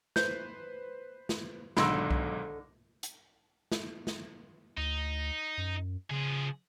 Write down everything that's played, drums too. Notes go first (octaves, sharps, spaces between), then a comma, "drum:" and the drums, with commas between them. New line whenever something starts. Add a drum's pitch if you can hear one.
B4 C5 G6, drum: snare
drum: snare
B1 G#2 D3 D#3 B5 C6 E6 A#6, drum: snare
drum: kick B1
drum: hi-hat
drum: snare
drum: snare
D2 D#4
F#2
C#3 F3 G#4